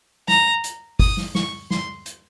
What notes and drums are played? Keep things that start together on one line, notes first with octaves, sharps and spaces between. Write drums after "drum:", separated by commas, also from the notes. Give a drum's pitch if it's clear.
A#5, drum: snare
drum: hi-hat
D#6, drum: kick G1, open hi-hat
drum: snare
C#6, drum: snare
C6, drum: snare
drum: hi-hat